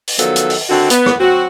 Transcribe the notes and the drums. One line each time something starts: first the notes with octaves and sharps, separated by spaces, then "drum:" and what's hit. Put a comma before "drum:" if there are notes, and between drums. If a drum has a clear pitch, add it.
drum: open hi-hat
D#3 F3 F#3 B3 A4, drum: hi-hat
drum: hi-hat
drum: open hi-hat
D3 D#3 C4 F#4
B3, drum: hi-hat
drum: rim click
F#3 C4 F#4